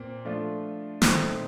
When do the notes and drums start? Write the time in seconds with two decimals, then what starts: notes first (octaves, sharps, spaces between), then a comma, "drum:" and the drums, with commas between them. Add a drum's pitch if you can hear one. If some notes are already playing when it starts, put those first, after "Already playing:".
Already playing: A#2 C4
0.25 F3 A3 D4 F4
1.02 A#2 A3 C4 D#4, drum: snare